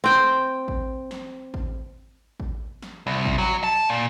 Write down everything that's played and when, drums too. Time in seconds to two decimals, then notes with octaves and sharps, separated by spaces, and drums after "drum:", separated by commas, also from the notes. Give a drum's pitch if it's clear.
0.04 C4 G5
0.68 drum: kick G#1
1.11 drum: snare
1.54 drum: kick G#1
2.40 drum: kick G#1
2.82 drum: snare
3.07 C2
3.25 drum: kick G#1
3.38 F#3
3.64 A5
3.89 A#2